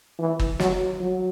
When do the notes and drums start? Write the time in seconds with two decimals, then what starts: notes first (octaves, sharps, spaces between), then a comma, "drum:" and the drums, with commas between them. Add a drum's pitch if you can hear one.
0.19 E3
0.39 drum: kick G1
0.60 F#3, drum: snare
1.00 F#3